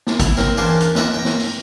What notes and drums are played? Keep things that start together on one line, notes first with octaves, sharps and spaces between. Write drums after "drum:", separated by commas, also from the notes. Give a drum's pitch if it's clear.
drum: snare
E4, drum: kick G#1, hi-hat
C4 A#4, drum: snare
E2 A#3 C#4 D4 C5 D6
drum: hi-hat
C#2 B4 E5 A#5, drum: snare
G5 A#5
drum: snare
drum: open hi-hat